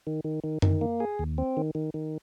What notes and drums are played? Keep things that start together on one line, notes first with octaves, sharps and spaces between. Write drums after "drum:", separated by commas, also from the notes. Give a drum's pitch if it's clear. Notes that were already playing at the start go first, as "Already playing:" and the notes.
D#3
D#3
D#3
D#3, drum: tom F#2
A#3
G#4
D#2
C4
D#3
D#3
D#3